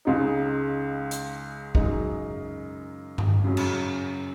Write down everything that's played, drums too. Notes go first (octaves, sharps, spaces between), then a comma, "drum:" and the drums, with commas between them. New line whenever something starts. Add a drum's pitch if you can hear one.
C#2 C#3 G#3 D#4
drum: hi-hat
F#2 C#3 G#3 D#4, drum: kick
drum: tom G2
F#2 C#3 F#3 C#4
drum: cymbal